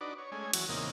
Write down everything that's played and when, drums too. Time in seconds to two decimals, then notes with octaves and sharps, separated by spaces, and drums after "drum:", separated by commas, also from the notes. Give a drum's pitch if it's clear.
0.01 D4 D#4 F#4 B4 D5
0.18 C#5
0.32 G#3 A3 C#4 G#5
0.53 E3 F#3 F#4, drum: cymbal
0.69 E2 A#2 C#3 A#3 C4 D#4